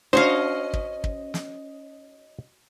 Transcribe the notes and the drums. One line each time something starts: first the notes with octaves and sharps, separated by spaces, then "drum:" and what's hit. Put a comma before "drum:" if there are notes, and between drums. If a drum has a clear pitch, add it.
C#4 F#4 C5 C#5 D#5 F5
drum: kick
drum: kick
drum: snare